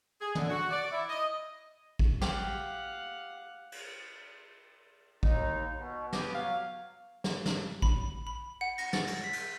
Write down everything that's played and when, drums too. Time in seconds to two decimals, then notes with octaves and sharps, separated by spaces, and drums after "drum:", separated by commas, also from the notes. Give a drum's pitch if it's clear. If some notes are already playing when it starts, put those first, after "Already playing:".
0.20 G#4
0.35 D3, drum: tom
0.49 F#4
0.70 D5
0.90 E4
1.08 D#5
1.99 drum: kick A1
2.22 G4 F5 F#5, drum: snare
3.72 drum: cymbal
5.23 D#2 D#4, drum: kick A1
5.76 B2
6.13 B3 G4, drum: snare
6.34 F#3 F5
7.24 drum: snare
7.46 drum: snare
7.82 B5, drum: kick A1
8.27 B5
8.61 F#5
8.78 A#6, drum: cymbal
8.93 A6, drum: snare
9.07 A6, drum: cymbal
9.24 B6
9.33 drum: cymbal